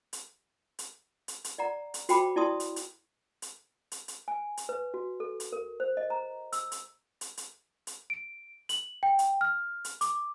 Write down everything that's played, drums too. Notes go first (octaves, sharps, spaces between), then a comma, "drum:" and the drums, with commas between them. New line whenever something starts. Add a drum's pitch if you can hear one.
drum: hi-hat
drum: hi-hat
drum: hi-hat
drum: hi-hat
D5 F#5 A#5
drum: hi-hat
F#4 C5 G5 A5 B5 D6, drum: hi-hat
E4 D5 A5 C6 D#6
drum: hi-hat
drum: hi-hat
drum: hi-hat
drum: hi-hat
drum: hi-hat
G#5
drum: hi-hat
B4
F#4
A4
drum: hi-hat
A#4
C5
D#5
A#5
E6, drum: hi-hat
drum: hi-hat
drum: hi-hat
drum: hi-hat
drum: hi-hat
D7
F#7, drum: hi-hat
G5
drum: hi-hat
F6
drum: hi-hat
D6, drum: hi-hat